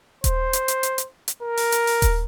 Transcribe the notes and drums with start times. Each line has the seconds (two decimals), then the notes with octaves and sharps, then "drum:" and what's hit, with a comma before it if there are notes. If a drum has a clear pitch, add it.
0.24 C5, drum: kick D#1, hi-hat
0.53 drum: hi-hat
0.68 drum: hi-hat
0.83 drum: hi-hat
0.98 drum: hi-hat
1.28 drum: hi-hat
1.42 A#4
1.57 drum: open hi-hat
1.72 drum: hi-hat
1.87 drum: open hi-hat
2.02 drum: kick D#1, hi-hat